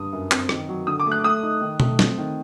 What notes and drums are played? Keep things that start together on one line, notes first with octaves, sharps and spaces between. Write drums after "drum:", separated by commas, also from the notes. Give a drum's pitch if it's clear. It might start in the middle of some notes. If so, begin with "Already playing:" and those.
Already playing: G2 D#6
F#2
C4, drum: clap
D#3, drum: rim click
F#3
D3 D#6
D6
A3
F#6
A3 D#6
D#4
D#3
A3, drum: tom B2
C4, drum: snare
D#3